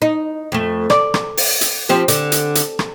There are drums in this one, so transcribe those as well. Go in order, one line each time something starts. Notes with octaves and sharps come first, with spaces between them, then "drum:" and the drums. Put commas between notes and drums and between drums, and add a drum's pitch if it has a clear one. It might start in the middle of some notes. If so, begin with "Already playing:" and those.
D#4
F2 A3
D5, drum: rim click
drum: rim click
drum: open hi-hat
drum: hi-hat
F3 C4 G4
D3, drum: hi-hat
drum: hi-hat
drum: hi-hat
drum: rim click